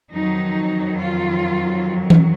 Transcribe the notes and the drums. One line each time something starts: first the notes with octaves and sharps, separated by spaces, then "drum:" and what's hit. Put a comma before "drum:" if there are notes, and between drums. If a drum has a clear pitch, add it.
F2 D#3 F#3 D#4
F4
drum: tom E3